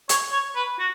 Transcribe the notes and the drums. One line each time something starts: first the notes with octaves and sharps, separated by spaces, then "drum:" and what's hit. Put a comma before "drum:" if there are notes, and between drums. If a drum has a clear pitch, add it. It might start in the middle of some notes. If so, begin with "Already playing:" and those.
C#5, drum: hi-hat
C#5
B4
F#4